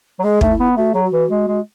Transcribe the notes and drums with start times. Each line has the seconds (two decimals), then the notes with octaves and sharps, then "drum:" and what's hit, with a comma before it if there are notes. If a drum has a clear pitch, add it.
0.19 F#3
0.24 G#3 G#4
0.41 A3 D#4, drum: kick
0.50 E4
0.60 B3
0.77 A3 F#4
0.93 F#3 G#4
1.04 F#4
1.12 E3
1.30 G#3
1.48 G#3